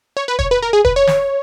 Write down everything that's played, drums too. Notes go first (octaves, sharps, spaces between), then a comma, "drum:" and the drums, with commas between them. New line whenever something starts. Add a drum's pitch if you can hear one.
C#5
B4
C#5, drum: kick
B4
A#4
G#4
B4, drum: kick
C#5
drum: snare